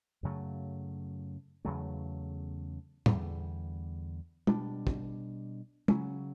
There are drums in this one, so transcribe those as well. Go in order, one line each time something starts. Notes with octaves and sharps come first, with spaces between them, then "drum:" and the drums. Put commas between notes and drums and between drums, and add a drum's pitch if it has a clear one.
F#2 C#3 F#3 A3
E2 C#3 F#3 A3
E2 D3 G3, drum: tom
B2 G3 D4, drum: tom
drum: kick
C#3 F#3 C#4, drum: tom